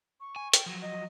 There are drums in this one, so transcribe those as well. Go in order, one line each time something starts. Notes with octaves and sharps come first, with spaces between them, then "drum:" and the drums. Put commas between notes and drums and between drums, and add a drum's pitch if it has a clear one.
C#6
G#5
G5, drum: hi-hat
F3 F#3
D#5